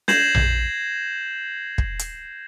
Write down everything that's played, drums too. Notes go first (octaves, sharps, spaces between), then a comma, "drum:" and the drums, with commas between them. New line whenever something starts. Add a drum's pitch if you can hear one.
G6 G#6 A#6 C7 E7 F#7, drum: snare
drum: tom A#1
drum: kick
drum: hi-hat